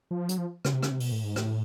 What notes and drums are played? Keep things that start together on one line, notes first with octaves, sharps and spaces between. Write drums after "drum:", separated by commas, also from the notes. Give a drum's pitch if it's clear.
F3
F#3, drum: hi-hat
F3
C#3, drum: rim click
C3
C#3, drum: rim click
C3
B2, drum: open hi-hat
A2
G#2
A2, drum: rim click